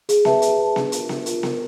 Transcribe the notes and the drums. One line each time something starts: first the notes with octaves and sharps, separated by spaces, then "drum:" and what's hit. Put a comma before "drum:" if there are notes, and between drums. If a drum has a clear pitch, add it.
G#4, drum: hi-hat
B4 E5 A5, drum: snare B3
G#4, drum: hi-hat
B4 E5 A5
D4, drum: snare B3
F4 A#4, drum: hi-hat
D4, drum: snare B3
F4 A#4, drum: hi-hat
A#4, drum: snare B3